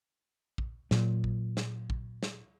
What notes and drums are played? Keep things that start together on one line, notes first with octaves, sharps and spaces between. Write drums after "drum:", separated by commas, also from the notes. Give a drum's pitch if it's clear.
drum: kick A#1
A#2 F#3, drum: snare
drum: kick A#1
drum: snare
drum: kick A#1
drum: snare